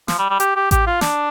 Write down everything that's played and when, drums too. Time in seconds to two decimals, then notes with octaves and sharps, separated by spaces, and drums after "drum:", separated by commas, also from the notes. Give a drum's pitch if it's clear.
0.08 F3, drum: snare
0.18 G3
0.30 G3
0.40 G4, drum: hi-hat
0.56 G4
0.71 G4, drum: kick A1, hi-hat
0.87 F4
1.01 D4, drum: snare